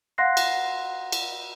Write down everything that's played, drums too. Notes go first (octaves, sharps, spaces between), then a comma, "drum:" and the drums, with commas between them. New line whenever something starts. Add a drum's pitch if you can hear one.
F5 F#5 C6 F#6 A#6 C7
drum: cymbal
drum: cymbal